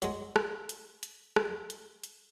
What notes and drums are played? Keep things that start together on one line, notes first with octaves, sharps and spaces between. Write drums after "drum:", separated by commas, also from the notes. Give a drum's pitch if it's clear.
F#3 G#3, drum: hi-hat
drum: rim click
drum: hi-hat
drum: hi-hat
drum: rim click
drum: hi-hat
drum: hi-hat